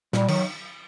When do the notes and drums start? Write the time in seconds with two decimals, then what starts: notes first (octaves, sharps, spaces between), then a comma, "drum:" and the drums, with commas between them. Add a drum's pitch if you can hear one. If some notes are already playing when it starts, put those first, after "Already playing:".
0.13 A#2 G3, drum: snare
0.28 D#3 F#3, drum: cymbal